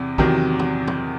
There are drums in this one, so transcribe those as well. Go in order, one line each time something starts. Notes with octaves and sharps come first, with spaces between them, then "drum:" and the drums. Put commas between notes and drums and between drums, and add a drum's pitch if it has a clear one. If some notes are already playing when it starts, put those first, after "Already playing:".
Already playing: E2 C3
E2 C3 D#3 F#3, drum: kick
drum: tom
drum: tom